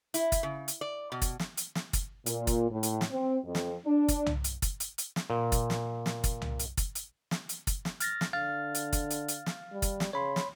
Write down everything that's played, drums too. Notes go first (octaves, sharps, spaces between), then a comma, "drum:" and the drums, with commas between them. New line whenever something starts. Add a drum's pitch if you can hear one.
E4, drum: hi-hat
drum: kick, hi-hat
C#3
drum: hi-hat
D5
B2
drum: kick, hi-hat
drum: snare
drum: hi-hat
drum: snare
drum: kick, hi-hat
A#2, drum: hi-hat
drum: kick, hi-hat
A2
drum: hi-hat
drum: snare
C4
F2
drum: snare
D4
drum: kick, hi-hat
drum: tom C2
drum: hi-hat
drum: kick, hi-hat
drum: hi-hat
drum: hi-hat
drum: snare
A#2
drum: kick, hi-hat
drum: snare
drum: snare
drum: kick, hi-hat
drum: tom C2
drum: hi-hat
drum: kick, hi-hat
drum: hi-hat
drum: snare
drum: hi-hat
drum: kick, hi-hat
drum: snare
F6 A6 A#6, drum: hi-hat
drum: snare
D3 F5 F6 A6
drum: hi-hat
drum: kick, hi-hat
drum: hi-hat
drum: hi-hat
drum: snare
G3
drum: kick, hi-hat
drum: snare
C#3 C#5 B5 C6
drum: snare